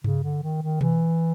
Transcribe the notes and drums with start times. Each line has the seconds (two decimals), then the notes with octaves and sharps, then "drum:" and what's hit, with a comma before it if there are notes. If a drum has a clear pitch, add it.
0.04 C#3, drum: tom G2
0.23 D3
0.43 D#3
0.62 D#3
0.81 E3, drum: tom B2